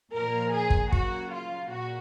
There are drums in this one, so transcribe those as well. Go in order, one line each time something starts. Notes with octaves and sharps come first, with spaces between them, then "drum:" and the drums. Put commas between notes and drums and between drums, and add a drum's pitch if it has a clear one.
A#2 F3 A#3 A#4
G#4
drum: kick
C#3 F#3 A#3 F#4, drum: kick
F4
A#2 F#4